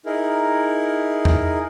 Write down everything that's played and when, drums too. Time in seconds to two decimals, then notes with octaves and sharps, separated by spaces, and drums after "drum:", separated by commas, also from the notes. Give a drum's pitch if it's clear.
0.06 D#4 E4 G#4 A#4
1.25 drum: tom E2